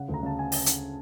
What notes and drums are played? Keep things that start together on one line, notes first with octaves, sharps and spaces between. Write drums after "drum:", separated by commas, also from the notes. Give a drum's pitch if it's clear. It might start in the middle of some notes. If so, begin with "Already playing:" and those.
Already playing: C#3 F#5
D2
A#5
C#3 A5
G#5
drum: open hi-hat
drum: hi-hat